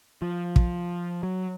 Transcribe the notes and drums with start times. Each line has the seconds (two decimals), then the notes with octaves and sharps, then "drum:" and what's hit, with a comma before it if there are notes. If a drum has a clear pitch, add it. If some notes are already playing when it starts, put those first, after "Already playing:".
0.22 F3
0.56 drum: kick
1.23 F#3